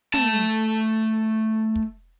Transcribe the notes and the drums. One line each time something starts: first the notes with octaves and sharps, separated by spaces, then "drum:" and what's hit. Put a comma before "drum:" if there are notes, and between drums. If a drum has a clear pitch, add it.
A3 A5, drum: tom
drum: kick